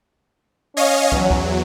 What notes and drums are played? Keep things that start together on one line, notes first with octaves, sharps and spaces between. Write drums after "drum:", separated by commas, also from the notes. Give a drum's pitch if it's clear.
C#4 C#5 D#5 F5
E2 F#3, drum: kick
drum: kick